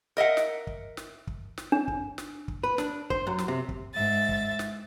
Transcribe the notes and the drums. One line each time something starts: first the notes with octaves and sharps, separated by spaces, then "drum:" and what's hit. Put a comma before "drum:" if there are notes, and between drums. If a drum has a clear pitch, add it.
A#4 D#5 E5 F#5
drum: snare
drum: kick
drum: snare
drum: kick
drum: snare
D4
drum: kick
drum: snare
drum: kick
B4
D4, drum: snare
C5, drum: kick
F#2
drum: snare
C3
drum: kick
G#2 E5 A6
drum: kick
drum: snare